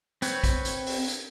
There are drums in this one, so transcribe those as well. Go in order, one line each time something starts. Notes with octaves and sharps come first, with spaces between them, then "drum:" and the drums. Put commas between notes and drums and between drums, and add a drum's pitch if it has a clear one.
C4 B4 C#5, drum: hi-hat
drum: kick, hi-hat
drum: hi-hat
drum: open hi-hat
drum: hi-hat